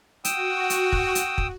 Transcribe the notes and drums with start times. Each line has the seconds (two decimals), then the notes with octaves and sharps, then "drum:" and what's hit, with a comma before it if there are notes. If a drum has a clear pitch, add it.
0.25 F#4 G5 D#6 E6, drum: hi-hat
0.70 drum: hi-hat
0.92 drum: kick
1.15 drum: hi-hat
1.38 drum: kick